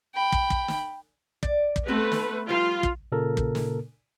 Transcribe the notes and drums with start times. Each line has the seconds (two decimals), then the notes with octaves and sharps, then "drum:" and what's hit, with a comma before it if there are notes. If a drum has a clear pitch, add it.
0.15 G5 B5
0.32 drum: kick
0.50 drum: kick
0.68 drum: snare
1.43 D5, drum: kick
1.76 drum: kick
1.88 A3 B3 C4 B4
2.12 drum: snare
2.49 F3 G3 F4
2.83 drum: kick
3.12 A#2 C#3 A#3 A4 A#4
3.37 drum: kick
3.55 drum: snare